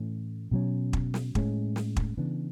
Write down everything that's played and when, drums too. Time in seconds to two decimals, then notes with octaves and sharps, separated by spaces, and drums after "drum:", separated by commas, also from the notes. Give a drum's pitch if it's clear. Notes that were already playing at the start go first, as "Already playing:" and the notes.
Already playing: A2 E3 A3 C#4
0.51 B2 F#3 C#4
0.93 drum: kick
1.14 drum: snare
1.35 A2 G#3 C#4, drum: kick
1.76 drum: snare
1.96 drum: kick
2.17 C#3 E3 B3 D4